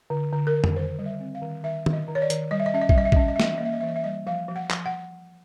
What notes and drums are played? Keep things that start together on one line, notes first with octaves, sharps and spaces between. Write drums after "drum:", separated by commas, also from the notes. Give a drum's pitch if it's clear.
D3
D3
A#4
D3
drum: tom F2
D#3 C5
G3
E5
C4
F5
D#3
D#3 E5
D#3, drum: tom D#3
D#5
D#3
C#5
D5
D#3, drum: hi-hat
G3 D#5
E5
D#5
C#4 E5
D#5
E5, drum: kick
G3 D#5
E5
D#5, drum: kick
C#4 E5
D#5
E5
E3 D#5, drum: snare
E5
D#5
A#3 E5
D#5
E5
E3 D#5
E5
G3 D#5
F3 F5
F3
F#5
F3, drum: clap
F#5